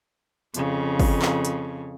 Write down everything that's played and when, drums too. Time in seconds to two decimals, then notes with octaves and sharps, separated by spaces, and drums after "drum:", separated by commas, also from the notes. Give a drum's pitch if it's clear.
0.54 F2 C#3, drum: hi-hat
0.99 drum: kick, open hi-hat
1.22 drum: clap
1.45 drum: hi-hat